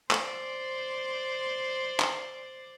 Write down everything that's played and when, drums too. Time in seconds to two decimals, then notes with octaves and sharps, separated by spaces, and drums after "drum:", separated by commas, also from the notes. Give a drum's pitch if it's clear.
0.11 C5 D5, drum: clap
2.00 drum: clap